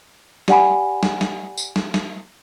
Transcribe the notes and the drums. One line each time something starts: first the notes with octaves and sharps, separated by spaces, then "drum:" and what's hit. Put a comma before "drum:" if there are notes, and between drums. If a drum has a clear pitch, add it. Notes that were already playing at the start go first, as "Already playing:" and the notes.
G4 D5 F#5 G#5 B5, drum: snare
drum: snare
drum: snare
drum: tambourine
drum: snare
drum: snare